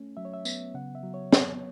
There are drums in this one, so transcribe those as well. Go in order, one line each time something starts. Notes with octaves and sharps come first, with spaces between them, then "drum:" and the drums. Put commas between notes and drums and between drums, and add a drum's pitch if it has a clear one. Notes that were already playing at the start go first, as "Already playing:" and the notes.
Already playing: A3 C#4
F#3 E5
C#5
E5
B3, drum: tambourine
C#3 F#5
E5
F#3
C#5
B3 C#5, drum: snare